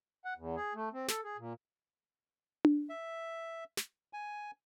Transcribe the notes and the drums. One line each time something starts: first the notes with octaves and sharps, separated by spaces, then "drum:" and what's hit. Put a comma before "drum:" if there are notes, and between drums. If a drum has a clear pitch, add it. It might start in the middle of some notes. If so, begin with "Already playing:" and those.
F#5
E2
G#4
A3
C4
A4, drum: snare
G#4
A#2
drum: tom D4
E5
drum: snare
G#5